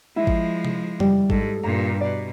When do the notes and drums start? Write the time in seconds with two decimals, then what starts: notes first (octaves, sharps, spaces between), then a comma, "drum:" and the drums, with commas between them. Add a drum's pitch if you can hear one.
0.16 F3 G#3 E4
0.27 drum: kick G#1
0.65 drum: tom C3
1.00 G3, drum: tom
1.30 G#2 A4, drum: kick G#1
1.64 G2 A#2 A#5
2.01 B2 D5